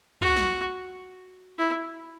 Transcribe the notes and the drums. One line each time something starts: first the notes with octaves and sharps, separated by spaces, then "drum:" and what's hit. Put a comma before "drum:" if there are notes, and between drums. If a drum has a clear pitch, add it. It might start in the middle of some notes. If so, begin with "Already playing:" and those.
F#4, drum: tom
drum: snare
E4